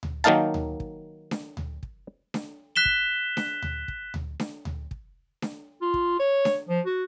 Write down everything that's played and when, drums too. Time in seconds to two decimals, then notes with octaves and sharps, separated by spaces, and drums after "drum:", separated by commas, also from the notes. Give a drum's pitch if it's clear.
0.03 drum: tom D2
0.24 D#3 F#3 A#3 D#4 F5 A5
0.54 drum: tom D2
0.80 drum: kick
1.31 drum: snare D4
1.57 drum: tom D2
1.83 drum: kick
2.34 drum: snare D4
2.76 F#6 B6 E7 G7
2.85 drum: kick
3.37 drum: snare D4
3.62 drum: tom D2
3.88 drum: kick
4.14 drum: tom D2
4.40 drum: snare D4
4.65 drum: tom D2
4.91 drum: kick
5.42 drum: snare D4
5.81 F4
5.94 drum: kick
6.19 C#5
6.45 drum: snare D4
6.69 F3
6.86 F#4